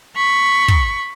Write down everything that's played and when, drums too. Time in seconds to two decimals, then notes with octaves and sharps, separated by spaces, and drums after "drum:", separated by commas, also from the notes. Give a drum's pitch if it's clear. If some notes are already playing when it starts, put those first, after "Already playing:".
0.16 B5 C#6
0.68 drum: kick